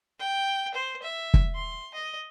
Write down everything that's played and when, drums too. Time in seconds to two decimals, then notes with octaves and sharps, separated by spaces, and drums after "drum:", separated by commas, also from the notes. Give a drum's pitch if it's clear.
0.19 G5
0.74 C5
1.03 E5
1.34 drum: kick
1.55 C6
1.94 D#5